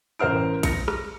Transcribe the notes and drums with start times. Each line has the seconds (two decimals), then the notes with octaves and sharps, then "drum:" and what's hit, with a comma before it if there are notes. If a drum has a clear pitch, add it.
0.19 A1 A#4 C5 F6 D7
0.63 A#6 C#7, drum: kick A#1, cymbal
0.88 drum: rim click